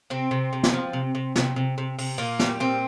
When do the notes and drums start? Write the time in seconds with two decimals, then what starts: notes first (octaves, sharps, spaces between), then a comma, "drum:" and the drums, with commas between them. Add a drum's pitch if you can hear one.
0.10 C3 C4
0.31 C3
0.53 C3
0.63 drum: snare
0.73 F3
0.93 C3
1.15 C3
1.36 C3, drum: snare
1.56 C3
1.78 C3
1.99 C3, drum: open hi-hat
2.18 A#2 A#3
2.39 G3, drum: snare
2.60 A#2 C4